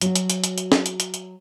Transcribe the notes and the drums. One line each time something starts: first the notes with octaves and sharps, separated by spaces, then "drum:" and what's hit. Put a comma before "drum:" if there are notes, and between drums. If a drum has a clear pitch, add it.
F#3 F#4, drum: hi-hat
drum: hi-hat
drum: hi-hat
drum: hi-hat
drum: hi-hat
drum: snare
drum: hi-hat
drum: hi-hat
drum: hi-hat